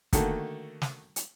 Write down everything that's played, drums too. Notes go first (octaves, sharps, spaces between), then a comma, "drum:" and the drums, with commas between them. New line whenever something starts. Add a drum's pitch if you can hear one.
D3 D#3 A3 A#3 F#4 A4, drum: kick, hi-hat
drum: snare
drum: hi-hat